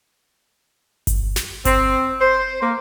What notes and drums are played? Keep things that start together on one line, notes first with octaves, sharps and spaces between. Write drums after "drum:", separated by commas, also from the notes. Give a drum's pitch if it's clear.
drum: kick G1, hi-hat
drum: snare
C4, drum: kick G1, hi-hat
C5
A#3